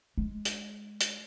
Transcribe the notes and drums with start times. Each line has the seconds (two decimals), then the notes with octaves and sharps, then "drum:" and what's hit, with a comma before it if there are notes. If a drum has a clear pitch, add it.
0.17 G#3
0.45 drum: hi-hat
1.00 drum: hi-hat